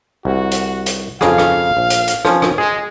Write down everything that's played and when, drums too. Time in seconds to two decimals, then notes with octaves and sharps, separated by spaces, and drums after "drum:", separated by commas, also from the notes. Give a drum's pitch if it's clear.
0.25 C2 F#4
0.51 drum: hi-hat
0.86 drum: hi-hat
1.21 F2 C#3 G#4 F5, drum: rim click
1.38 drum: rim click
1.77 A#1
1.90 drum: hi-hat
2.08 drum: hi-hat
2.25 F3 C#4, drum: rim click
2.42 drum: rim click
2.58 G#3 G#4